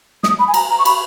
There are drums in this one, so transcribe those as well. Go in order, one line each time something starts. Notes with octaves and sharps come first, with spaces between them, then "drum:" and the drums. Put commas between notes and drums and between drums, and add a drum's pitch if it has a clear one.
D#6, drum: snare
B5
G#5
A#5, drum: cymbal
A#5
C#6
B5, drum: cymbal